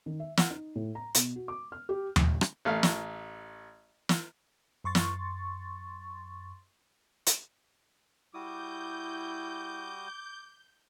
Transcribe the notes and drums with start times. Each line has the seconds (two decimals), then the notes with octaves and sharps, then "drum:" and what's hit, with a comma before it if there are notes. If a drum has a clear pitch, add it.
0.06 D#3
0.20 E5
0.37 F#5, drum: snare
0.50 D#4
0.75 A2
0.95 A#5
1.15 B2, drum: hi-hat
1.36 F#4
1.48 D6
1.72 F6
1.89 G4
2.16 drum: tom D#2
2.41 drum: rim click
2.65 A1 A3 F5
2.83 drum: snare
4.09 drum: snare
4.84 F#2 C6 C#6 A6
4.95 drum: snare
7.27 drum: hi-hat
8.34 G3 E4 F#4 D6 D#6 G6